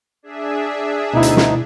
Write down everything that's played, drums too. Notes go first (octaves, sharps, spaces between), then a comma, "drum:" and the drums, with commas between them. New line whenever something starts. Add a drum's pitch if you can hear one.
D4 G#4 E5
D2 B2 D#4 E4
drum: hi-hat
drum: snare